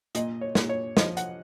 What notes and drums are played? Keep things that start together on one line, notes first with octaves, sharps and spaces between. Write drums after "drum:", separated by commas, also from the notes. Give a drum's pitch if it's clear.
A#2 D#5, drum: hi-hat
C#5
A#2, drum: snare
C#5
F3 D#5, drum: snare
F#5, drum: hi-hat